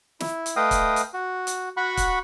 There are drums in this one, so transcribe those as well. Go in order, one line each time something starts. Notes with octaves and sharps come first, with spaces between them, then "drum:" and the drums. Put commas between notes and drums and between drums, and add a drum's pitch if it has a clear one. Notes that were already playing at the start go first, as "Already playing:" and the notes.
E4, drum: snare
drum: hi-hat
A3 B4 D#5 F5 G5 D#6
drum: kick, hi-hat
drum: hi-hat
F#4
drum: hi-hat
F#4 F#5 B5 C#6
drum: kick, hi-hat